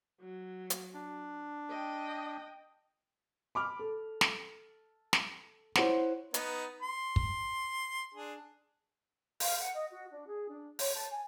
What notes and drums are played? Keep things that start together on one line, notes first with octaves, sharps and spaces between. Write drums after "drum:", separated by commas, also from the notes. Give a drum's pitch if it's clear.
F#3
drum: hi-hat
D4
D#5 G5
B5 D6 F6
A4
drum: snare
drum: snare
E4 C5 C#5 F#5 C6, drum: snare
B3 D#4, drum: hi-hat
C6
drum: kick
D4 G#4
F5, drum: open hi-hat
F#5
D#5
F#4
D4
G#4
D4
C#5, drum: open hi-hat
A5
G#5